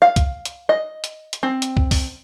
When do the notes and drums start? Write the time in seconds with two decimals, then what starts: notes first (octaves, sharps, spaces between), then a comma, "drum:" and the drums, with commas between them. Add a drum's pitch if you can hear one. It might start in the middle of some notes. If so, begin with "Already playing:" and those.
0.02 F5
0.16 drum: kick, hi-hat
0.45 drum: hi-hat
0.69 D#5
1.04 drum: hi-hat
1.33 drum: hi-hat
1.43 C4
1.62 drum: hi-hat
1.77 drum: kick
1.91 drum: kick, open hi-hat